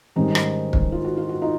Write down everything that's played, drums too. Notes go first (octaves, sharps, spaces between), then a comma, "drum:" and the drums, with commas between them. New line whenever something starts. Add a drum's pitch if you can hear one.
G#2 D#3 G3 C#4 D#4
drum: rim click
drum: kick
F4
F#4
F4
F#4
D#4 F4